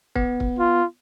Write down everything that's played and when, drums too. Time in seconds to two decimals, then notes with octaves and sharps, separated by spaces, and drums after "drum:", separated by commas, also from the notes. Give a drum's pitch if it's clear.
0.16 B3, drum: kick
0.40 drum: kick
0.59 F4